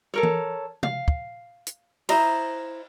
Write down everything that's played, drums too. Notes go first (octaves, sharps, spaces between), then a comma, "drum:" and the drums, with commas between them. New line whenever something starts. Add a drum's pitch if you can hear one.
A4 A#4 C#5
drum: tom E3
F5, drum: tom C3
drum: kick
drum: hi-hat
E4 C5 D#5 A#5, drum: cymbal